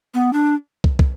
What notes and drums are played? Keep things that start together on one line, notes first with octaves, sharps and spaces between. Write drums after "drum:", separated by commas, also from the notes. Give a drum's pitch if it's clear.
B3
D4
drum: kick
drum: kick